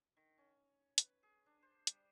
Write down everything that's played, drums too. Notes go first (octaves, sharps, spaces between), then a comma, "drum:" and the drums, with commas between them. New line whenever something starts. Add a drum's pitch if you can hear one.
D#3
C#4
B4, drum: hi-hat
G#4
D4
C5
G3, drum: hi-hat